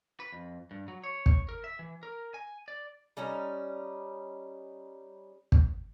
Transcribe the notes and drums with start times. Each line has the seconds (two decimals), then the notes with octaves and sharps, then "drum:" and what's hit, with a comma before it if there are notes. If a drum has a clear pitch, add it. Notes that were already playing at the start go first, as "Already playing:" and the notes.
0.20 B4
0.32 F2
0.71 G2
0.88 F#3
1.04 C#5
1.26 drum: kick
1.49 A#4
1.64 E5
1.79 E3
2.03 A#4
2.34 G#5
2.68 D5
3.17 G3 C#4 D#4 A#5
5.52 drum: kick